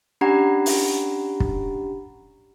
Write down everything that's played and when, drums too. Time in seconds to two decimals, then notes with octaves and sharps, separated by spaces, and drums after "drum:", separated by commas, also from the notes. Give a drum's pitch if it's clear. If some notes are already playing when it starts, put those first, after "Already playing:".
0.21 C#4 D4 G4 F#5 A#5 B5
0.66 drum: open hi-hat
1.40 drum: kick